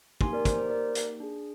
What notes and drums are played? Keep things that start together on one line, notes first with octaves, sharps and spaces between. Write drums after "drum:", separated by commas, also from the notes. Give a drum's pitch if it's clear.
A#3 D#4 G4 G#5 C6, drum: kick
A#4 D5
C5, drum: kick, hi-hat
C5
A#4 D5
drum: hi-hat
D4 G#4